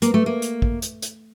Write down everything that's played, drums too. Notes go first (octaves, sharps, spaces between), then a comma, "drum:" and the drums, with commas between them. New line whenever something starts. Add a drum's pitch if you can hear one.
A#3, drum: hi-hat
A3
A#3
drum: hi-hat
drum: kick
drum: hi-hat
drum: hi-hat